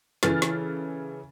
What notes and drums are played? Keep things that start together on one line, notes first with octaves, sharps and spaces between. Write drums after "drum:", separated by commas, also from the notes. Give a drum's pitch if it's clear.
C#3 E3 A4 F6 A6, drum: snare
drum: snare